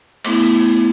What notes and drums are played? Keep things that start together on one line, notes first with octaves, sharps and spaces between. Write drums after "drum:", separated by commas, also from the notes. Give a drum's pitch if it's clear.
A3 B3 E4, drum: cymbal